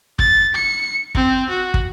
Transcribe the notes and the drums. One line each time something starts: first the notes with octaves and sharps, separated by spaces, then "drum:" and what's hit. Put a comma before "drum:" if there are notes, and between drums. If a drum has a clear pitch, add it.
A6, drum: kick
C#7
C4, drum: kick
F#4
drum: kick